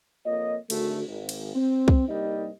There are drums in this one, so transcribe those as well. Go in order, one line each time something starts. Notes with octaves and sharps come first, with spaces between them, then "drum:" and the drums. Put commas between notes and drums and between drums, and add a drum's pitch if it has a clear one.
F2 A#3 F4 C#5 D#5
G#1 D3 A3 F#4, drum: cymbal
G#1
drum: cymbal
C4
drum: kick
C2 G2 G3 A#3 D#4 D#5